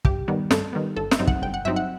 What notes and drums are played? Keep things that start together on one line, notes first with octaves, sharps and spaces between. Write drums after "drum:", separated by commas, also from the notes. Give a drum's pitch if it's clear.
G2 G4, drum: kick
D#3 G3 B3
G2 A4, drum: snare
D#3 G3 B3
G1 A4
E5, drum: snare
G2 F#3 C4 D#4
F#5, drum: kick
G1 G5
F#5
G2 F#3 C4 D#4 E5
F#5